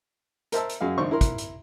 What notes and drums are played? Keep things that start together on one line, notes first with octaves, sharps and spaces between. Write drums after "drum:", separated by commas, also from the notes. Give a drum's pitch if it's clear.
A#4 C5 E5 A5 E6, drum: hi-hat
drum: hi-hat
F#2 F#3 G#4 F5
G#1 D#3 D4 C5 C#6
E4 A#4 C6
drum: kick, hi-hat
drum: hi-hat